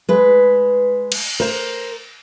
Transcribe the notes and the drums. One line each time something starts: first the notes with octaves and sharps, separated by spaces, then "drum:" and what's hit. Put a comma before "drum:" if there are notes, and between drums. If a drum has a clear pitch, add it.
G#3 B4
drum: cymbal
A#4 C5